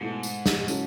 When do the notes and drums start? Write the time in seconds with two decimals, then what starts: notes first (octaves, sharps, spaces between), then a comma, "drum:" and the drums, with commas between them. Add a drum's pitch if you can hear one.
0.01 G#2 B2 A3 E4 A4
0.23 drum: tambourine
0.46 drum: snare
0.68 C#3 F#3 C#4 E4 A4, drum: tambourine